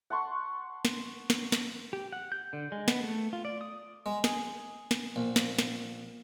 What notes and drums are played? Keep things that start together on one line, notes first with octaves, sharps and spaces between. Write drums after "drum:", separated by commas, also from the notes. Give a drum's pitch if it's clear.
F#5 A5 C6 C#6
drum: snare
drum: snare
drum: snare
G4
F#5
G6
D3
G#3
B3, drum: snare
A3
F4
D5
D#6
G#3
G#4, drum: snare
drum: snare
A#1
drum: snare
drum: snare